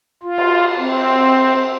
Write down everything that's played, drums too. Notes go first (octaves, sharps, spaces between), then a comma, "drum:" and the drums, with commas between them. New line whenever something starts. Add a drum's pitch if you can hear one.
F4
drum: cymbal
C4